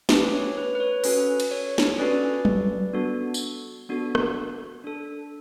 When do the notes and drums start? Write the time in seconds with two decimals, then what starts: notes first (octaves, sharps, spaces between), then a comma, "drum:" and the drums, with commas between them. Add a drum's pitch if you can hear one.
0.09 A3 C#4 G4 B4, drum: snare
0.33 C#5
0.57 B4
0.75 B4
0.80 C#5
1.04 C#4 F#4 A4 B4, drum: open hi-hat
1.40 drum: cymbal
1.51 C#5
1.78 drum: snare
1.99 C#4 F#4 A4 B4 D5
2.45 drum: tom F#3
2.93 B3 D4 F#4 A4
3.34 drum: tambourine
3.89 B3 D4 F#4 A4
4.15 drum: rim click
4.84 D4 A4